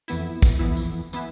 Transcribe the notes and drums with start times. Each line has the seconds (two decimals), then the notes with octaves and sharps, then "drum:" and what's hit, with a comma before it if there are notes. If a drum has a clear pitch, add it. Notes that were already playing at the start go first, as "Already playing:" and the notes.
0.08 F2 E3 B3 E4, drum: tambourine
0.42 drum: kick, tambourine
0.59 F2 E3 B3 E4
0.77 drum: tambourine
1.13 E3 B3 E4, drum: tambourine